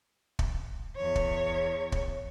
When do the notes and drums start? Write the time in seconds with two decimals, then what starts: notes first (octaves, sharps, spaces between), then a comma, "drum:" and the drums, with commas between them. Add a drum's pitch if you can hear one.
0.39 drum: kick
0.96 E2 C#5
1.16 drum: kick
1.92 drum: kick